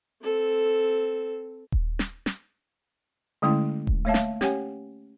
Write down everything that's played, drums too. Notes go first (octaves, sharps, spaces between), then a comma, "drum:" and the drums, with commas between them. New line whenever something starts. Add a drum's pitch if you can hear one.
C4 A4
drum: kick D#1
drum: snare
drum: snare
D3 G#3 A3 C#4 E4
drum: kick D#1
A3 A#3 C#5 E5 F5 A5
drum: snare
C#4 G4 C#5 F#5 G#5, drum: snare